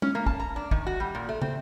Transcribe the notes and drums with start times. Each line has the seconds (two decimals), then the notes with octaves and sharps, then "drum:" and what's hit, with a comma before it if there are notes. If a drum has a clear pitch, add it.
0.02 C#4, drum: tom G#3
0.15 A#3
0.26 A5, drum: kick
0.40 A#5
0.56 D4
0.71 D#3, drum: kick
0.86 F#4
1.00 G3
1.15 A#2
1.29 A3
1.42 C4, drum: tom